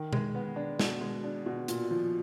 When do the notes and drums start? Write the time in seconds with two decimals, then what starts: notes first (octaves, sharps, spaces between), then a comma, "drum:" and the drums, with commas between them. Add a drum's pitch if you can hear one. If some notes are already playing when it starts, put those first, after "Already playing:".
Already playing: D#3
0.13 G#3, drum: tom B2
0.35 B3
0.56 D4
0.80 B2, drum: snare
1.01 G#3
1.24 D4
1.46 B2
1.68 A#2, drum: hi-hat
1.91 F3